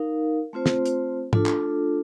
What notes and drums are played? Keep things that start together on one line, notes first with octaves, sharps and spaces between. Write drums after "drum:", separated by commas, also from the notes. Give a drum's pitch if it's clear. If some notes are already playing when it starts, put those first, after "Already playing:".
Already playing: D#4 A#4 F5
A3 C4 F4 C5
drum: snare
drum: hi-hat
A3 D4 F4 A4, drum: tom G#2
drum: clap